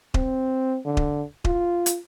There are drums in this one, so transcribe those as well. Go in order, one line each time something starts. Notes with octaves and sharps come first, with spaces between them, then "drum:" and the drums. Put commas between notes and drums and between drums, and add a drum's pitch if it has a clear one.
C4, drum: kick D#1
D3
drum: kick D#1
F4, drum: kick D#1
drum: hi-hat